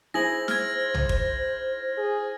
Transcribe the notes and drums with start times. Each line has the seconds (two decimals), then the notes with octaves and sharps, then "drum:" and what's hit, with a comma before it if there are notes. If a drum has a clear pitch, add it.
0.14 E4 G#4 C5 A#6 F#7
0.48 F6 G#6, drum: snare
0.94 drum: tom B1
1.09 drum: kick
1.98 G#4